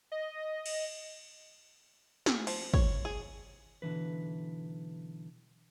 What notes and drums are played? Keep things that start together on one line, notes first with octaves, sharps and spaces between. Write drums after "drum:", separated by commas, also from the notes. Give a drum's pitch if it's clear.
D#5
drum: cymbal
G#4, drum: snare
F3, drum: cymbal
C#5, drum: kick
G#4
B1 D3 E3 B4